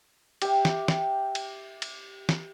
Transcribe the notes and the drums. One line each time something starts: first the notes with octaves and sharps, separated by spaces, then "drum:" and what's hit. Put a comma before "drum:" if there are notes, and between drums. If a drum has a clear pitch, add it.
G4 E5, drum: cymbal
drum: snare
drum: snare
drum: cymbal
drum: cymbal
drum: snare